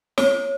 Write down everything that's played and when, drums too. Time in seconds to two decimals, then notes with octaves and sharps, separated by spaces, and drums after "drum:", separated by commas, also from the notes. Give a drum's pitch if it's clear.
0.18 C#5, drum: snare